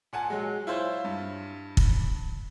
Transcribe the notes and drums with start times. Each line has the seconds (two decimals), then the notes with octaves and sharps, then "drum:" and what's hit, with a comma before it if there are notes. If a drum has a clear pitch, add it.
0.13 A#2 F#5 G#5 A5
0.30 F#3 G#3
0.67 E4 F4 C5 C#5
1.04 G2
1.77 drum: kick